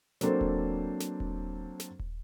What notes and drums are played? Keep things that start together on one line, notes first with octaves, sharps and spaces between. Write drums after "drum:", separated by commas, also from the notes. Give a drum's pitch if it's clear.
F#3 A#3 C4 D4 A4 C5, drum: snare
drum: kick D#1
drum: snare
drum: kick D#1
drum: snare
drum: kick D#1